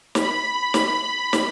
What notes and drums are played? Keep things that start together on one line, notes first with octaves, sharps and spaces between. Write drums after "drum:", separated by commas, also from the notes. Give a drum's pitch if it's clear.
B5, drum: snare
drum: snare
drum: snare